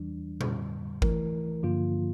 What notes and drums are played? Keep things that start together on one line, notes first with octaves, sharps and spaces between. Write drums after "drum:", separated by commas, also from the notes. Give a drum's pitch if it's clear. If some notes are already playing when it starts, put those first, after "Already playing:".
Already playing: E2 E3 G3 D4
F2 D3 G3, drum: tom A#2
E3 A3 E4 A#4, drum: kick G#1
G2 D3 F3 A#3 F4